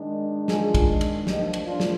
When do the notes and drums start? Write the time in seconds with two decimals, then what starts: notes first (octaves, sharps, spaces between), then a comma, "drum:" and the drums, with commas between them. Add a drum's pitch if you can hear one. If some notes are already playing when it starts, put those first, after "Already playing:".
Already playing: D#3 G#3 D4
0.48 F4 G#4, drum: snare
0.75 drum: kick, cymbal
1.01 drum: cymbal
1.27 F3 A#3 D4 D#4 G4, drum: snare
1.53 drum: cymbal
1.67 D4 F4
1.80 drum: snare